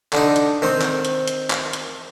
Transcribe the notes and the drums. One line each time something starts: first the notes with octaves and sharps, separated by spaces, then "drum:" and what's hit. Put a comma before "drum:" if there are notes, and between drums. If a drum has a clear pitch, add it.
D3 D#4, drum: clap
drum: hi-hat
D#3 C4
drum: clap
drum: hi-hat
drum: hi-hat
drum: clap
drum: hi-hat